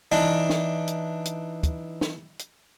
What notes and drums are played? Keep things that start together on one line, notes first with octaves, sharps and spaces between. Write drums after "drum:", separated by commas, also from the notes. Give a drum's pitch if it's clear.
E3 D4 D#4
drum: snare
drum: hi-hat
drum: hi-hat
drum: kick, hi-hat
drum: snare
drum: hi-hat